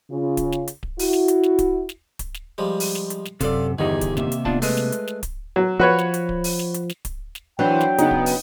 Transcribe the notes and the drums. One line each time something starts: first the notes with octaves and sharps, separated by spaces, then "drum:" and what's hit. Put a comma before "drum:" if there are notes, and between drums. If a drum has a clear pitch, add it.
C#3 F4
drum: kick D1, hi-hat
drum: snare
drum: hi-hat
drum: kick D1
E4 F#4, drum: open hi-hat
drum: snare
drum: hi-hat
drum: snare
drum: kick D1, hi-hat
drum: snare
drum: kick D1, hi-hat
drum: snare
F3 G3 G#3
drum: open hi-hat
drum: snare
drum: hi-hat
drum: snare
F#2 C3 F4 A4 D5, drum: kick D1, hi-hat
G1 E2 D#3 D#4 G4 G#4
drum: kick D1, hi-hat
C3 A#3 E5, drum: snare
drum: hi-hat
B3 D4 F4 A5, drum: kick D1
G#3 A3 B4 C6, drum: open hi-hat
drum: snare
drum: hi-hat
drum: snare
drum: kick D1, hi-hat
F#3
F3 F#4 B4 C#5
drum: snare
drum: hi-hat
drum: kick D1
drum: open hi-hat
drum: snare
drum: hi-hat
drum: snare
drum: kick D1, hi-hat
drum: snare
E3 F#3 D4 B4 C5 G5
drum: snare
C#3 B3 D#4, drum: hi-hat
drum: kick D1
drum: open hi-hat